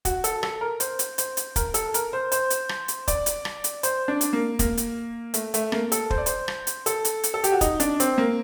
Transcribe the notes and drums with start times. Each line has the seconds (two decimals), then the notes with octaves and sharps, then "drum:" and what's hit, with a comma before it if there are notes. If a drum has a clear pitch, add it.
0.05 F#4, drum: kick, hi-hat
0.24 A4, drum: hi-hat
0.43 A4, drum: rim click
0.61 A#4
0.80 C5, drum: hi-hat
0.99 drum: hi-hat
1.18 C5, drum: hi-hat
1.37 drum: hi-hat
1.56 A#4, drum: kick, hi-hat
1.74 A4, drum: hi-hat
1.94 A#4, drum: hi-hat
2.13 C5
2.32 C5, drum: hi-hat
2.50 drum: hi-hat
2.69 drum: rim click
2.88 drum: hi-hat
3.08 D5, drum: kick, hi-hat
3.26 drum: hi-hat
3.45 drum: rim click
3.64 drum: hi-hat
3.83 C5, drum: hi-hat
4.08 D4
4.21 drum: hi-hat
4.33 A#3
4.59 A#3, drum: kick, hi-hat
4.77 drum: hi-hat
5.34 A3, drum: hi-hat
5.54 A3, drum: hi-hat
5.72 A#3, drum: rim click
5.92 A4, drum: hi-hat
6.10 C5, drum: kick
6.18 D5
6.26 C5, drum: hi-hat
6.48 drum: rim click
6.67 drum: hi-hat
6.86 A4, drum: hi-hat
7.05 drum: hi-hat
7.24 drum: hi-hat
7.34 A4
7.44 G4, drum: hi-hat
7.52 F#4
7.61 D#4, drum: kick, hi-hat
7.80 D4, drum: hi-hat
8.00 C4, drum: hi-hat
8.18 A#3